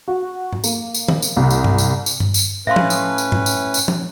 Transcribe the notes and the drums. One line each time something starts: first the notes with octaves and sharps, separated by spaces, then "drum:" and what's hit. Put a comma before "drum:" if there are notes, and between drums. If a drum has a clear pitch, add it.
F#4
drum: tom G#2
A#3, drum: tambourine
drum: tambourine
drum: tom D#3
drum: tambourine
C2
drum: tambourine
drum: tom G2
drum: tambourine
drum: tambourine
drum: tom G2
drum: tambourine
A2 C#4 B4 E5 F5 C6
drum: tom
drum: tambourine
drum: tambourine
drum: tom G#2
drum: tambourine
drum: tambourine
drum: tom